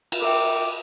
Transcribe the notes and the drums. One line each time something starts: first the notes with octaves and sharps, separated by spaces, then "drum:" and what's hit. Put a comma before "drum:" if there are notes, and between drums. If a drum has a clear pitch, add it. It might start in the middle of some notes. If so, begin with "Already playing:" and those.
drum: cymbal
A#4 E5 G5 D6